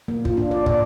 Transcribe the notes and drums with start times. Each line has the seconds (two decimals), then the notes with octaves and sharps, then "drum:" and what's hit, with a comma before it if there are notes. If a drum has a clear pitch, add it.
0.08 A#3
0.25 F4, drum: kick
0.37 D4
0.51 D5
0.66 D5, drum: kick